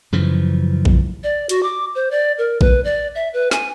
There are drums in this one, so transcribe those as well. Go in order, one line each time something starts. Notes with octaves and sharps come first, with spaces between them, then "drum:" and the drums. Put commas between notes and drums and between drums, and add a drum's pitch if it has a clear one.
F#2 C#3 E3 F3
drum: kick A#1
D5
F#4, drum: hi-hat
D6
C5
D5
A#4
B4, drum: kick A#1
D5
E5
B4
G#5, drum: snare